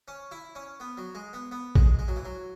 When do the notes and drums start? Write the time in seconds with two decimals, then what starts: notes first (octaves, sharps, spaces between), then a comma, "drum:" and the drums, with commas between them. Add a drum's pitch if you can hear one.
0.08 C#4
0.31 E4
0.55 C#4
0.80 B3
0.97 F#3
1.15 G#3
1.33 B3
1.52 B3
1.75 G#3, drum: kick A#1
1.99 G#3
2.08 F#3
2.16 E3
2.25 F#3